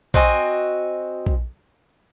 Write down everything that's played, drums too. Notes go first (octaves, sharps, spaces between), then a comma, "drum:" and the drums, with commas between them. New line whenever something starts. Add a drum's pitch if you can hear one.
C4 F#4 D#5 G#5, drum: kick
drum: kick